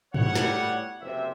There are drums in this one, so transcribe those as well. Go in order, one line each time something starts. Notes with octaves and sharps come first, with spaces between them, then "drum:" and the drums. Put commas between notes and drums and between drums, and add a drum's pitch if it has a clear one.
A2 G3 B3 C#5 F#5, drum: tom G2
drum: snare
F#1 C3 C4 E5